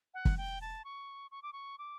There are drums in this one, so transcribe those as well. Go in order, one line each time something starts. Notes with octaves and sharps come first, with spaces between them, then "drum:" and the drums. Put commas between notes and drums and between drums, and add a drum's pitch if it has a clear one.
F#5
drum: kick
G5
A5
C#6
C#6
D6
C#6
D6